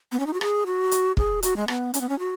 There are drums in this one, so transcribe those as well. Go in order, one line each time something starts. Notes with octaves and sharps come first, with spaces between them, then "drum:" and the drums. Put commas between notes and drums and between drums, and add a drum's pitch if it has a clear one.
B3
C#4
D#4
F#4
G#4, drum: rim click
F#4
drum: hi-hat
G#4, drum: kick
F#4, drum: hi-hat
G#3
B3, drum: rim click
C#4, drum: hi-hat
B3
C#4
F#4